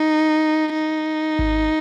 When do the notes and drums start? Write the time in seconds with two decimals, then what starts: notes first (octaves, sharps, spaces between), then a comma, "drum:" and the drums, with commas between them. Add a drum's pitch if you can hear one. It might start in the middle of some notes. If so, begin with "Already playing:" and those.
Already playing: D#4
0.74 D#4
1.39 drum: kick G#1